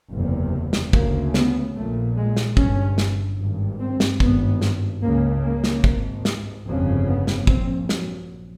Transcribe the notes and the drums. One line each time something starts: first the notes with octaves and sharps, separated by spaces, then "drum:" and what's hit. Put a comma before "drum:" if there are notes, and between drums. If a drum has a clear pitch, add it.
F#1 E2 C3
drum: snare
D2 C#3 A#3, drum: kick
B3, drum: snare
A#1 A#2 A3
G#3
drum: snare
G1 G2 C#4, drum: kick
drum: snare
G#1 G2
C4
drum: snare
G#1 G2 B3, drum: kick
drum: snare
C#2 C#3 A#3
A#3
drum: snare
G#1 G#2, drum: kick
drum: snare
G1 F2 C#3
B3
drum: snare
A#1 A#2 C4, drum: kick
F#3, drum: snare